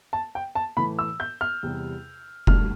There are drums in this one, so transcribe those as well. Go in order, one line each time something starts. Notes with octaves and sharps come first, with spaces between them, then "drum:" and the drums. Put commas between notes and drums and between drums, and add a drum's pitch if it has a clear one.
A5
G5
A5
A2 E3 A3 B5
E6
G6
F6
E2 C3 G3
G2 D3 A3 F6, drum: kick F1